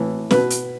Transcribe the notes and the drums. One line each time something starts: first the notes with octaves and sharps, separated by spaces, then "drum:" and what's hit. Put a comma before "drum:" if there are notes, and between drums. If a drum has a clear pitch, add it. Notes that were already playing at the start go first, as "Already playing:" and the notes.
Already playing: A2 E3
B2 B4, drum: snare C#4
drum: hi-hat